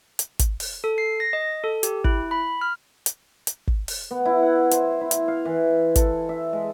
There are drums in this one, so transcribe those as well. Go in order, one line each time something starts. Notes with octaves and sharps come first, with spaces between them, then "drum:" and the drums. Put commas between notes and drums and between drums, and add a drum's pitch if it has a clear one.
drum: hi-hat
drum: kick, hi-hat
drum: open hi-hat
A4
C7
A#6
D#5
A4
G4, drum: hi-hat
E4, drum: kick
B5
F6
drum: hi-hat
drum: hi-hat
drum: kick
drum: open hi-hat
B3
E4
F#5
C5, drum: hi-hat
E4
drum: hi-hat
F5
E3
A4, drum: kick, hi-hat
E5
G#3